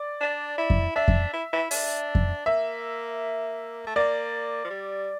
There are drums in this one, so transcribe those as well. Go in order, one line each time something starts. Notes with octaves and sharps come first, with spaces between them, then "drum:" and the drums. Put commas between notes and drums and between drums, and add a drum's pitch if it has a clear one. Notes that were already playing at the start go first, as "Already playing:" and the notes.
Already playing: D5
D4
E4
drum: kick F2
D4 E5
drum: kick F2
E4
E4
D4, drum: open hi-hat
drum: kick F2
A#3 E5
A3
A#3 D5
F3
G3